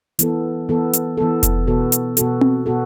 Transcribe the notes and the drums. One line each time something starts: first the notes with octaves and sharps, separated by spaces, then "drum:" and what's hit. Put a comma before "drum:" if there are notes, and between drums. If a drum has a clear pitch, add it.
E3 B3 A4, drum: hi-hat
E3 B3 A4
drum: hi-hat
E3 B3 A4
drum: kick F1, hi-hat
B2 B3 F#4 A4
drum: hi-hat
B2 B3 F#4 A4, drum: hi-hat
drum: tom C4
B2 B3 F#4 A4